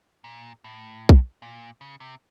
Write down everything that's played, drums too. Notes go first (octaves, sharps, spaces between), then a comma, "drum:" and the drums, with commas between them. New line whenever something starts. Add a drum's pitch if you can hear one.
A#2
A2
drum: kick B1
A#2
C#3
C3